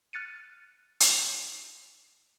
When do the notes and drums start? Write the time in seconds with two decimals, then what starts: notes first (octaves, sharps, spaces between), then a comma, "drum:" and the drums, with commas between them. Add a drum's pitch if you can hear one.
0.13 F6 F#6 A6 C#7 D#7
1.00 drum: hi-hat